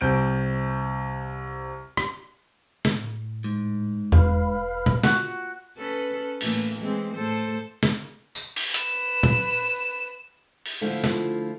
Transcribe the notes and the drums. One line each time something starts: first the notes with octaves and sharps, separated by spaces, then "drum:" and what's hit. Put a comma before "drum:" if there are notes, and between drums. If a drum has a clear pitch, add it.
C2 C4 G6 D7
drum: rim click
drum: snare
A2
G#2
E1 B4 F5, drum: tom E2
drum: tom A#2
F#4, drum: snare
C#4 A4 B4
A2 E3 A#3, drum: open hi-hat
E3 G#3 C4
A2 A4 C5
drum: snare
drum: tambourine
drum: open hi-hat
B4 E7, drum: hi-hat
drum: tom A#2
drum: open hi-hat
D3 F3 A3 E4 F4
drum: snare